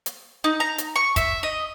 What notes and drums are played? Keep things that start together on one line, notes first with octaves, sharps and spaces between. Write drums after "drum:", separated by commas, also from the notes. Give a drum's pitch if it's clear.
drum: hi-hat
D#4
A#5
drum: hi-hat
C#6
E5, drum: kick, hi-hat
D#5